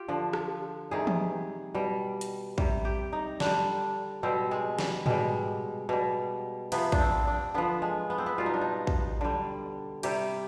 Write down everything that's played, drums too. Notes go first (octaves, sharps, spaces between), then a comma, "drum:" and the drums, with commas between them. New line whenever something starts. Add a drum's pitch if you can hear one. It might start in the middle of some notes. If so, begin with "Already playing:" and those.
Already playing: F4 G4
D3 F3
drum: rim click
C3 D#3 G3 G#4
drum: tom E3
B2 G3
drum: hi-hat
C3 G3, drum: kick
G4
D#4
D3 G3 D4, drum: snare
B2 G3 C4
G#3
G3, drum: snare
B2 G3 G#3, drum: tom G#2
B2 G3
C3 F3 B3, drum: cymbal
D4, drum: kick
C4
D4
D3 F3 B3
G#3
B3
C4
B3
B2 G3 F4
D#4
D4
D#4
drum: kick
D3 G3
C3 G3 G4, drum: cymbal